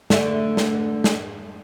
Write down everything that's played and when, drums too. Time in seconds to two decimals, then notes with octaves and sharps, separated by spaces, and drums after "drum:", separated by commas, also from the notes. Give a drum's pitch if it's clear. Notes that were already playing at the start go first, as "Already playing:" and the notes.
0.10 D3 A3, drum: snare
0.57 drum: snare
1.04 drum: snare